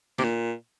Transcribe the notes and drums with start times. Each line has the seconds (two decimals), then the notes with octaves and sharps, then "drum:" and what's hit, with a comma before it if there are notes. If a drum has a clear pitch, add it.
0.18 C3, drum: snare
0.24 A#2